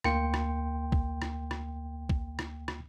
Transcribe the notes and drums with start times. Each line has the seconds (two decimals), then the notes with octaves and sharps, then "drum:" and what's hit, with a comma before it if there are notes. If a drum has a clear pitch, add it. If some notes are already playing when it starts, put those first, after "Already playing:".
0.04 D2 A#3 G5 C6 C#7, drum: rim click
0.34 drum: rim click
0.92 drum: kick
1.22 drum: rim click
1.51 drum: rim click
2.09 drum: kick
2.39 drum: rim click
2.68 drum: rim click